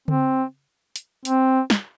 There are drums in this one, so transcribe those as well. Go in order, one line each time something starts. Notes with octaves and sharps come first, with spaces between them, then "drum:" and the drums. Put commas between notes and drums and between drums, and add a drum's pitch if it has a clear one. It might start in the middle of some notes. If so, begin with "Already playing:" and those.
C4, drum: tom C#3
drum: hi-hat
C4, drum: hi-hat
drum: snare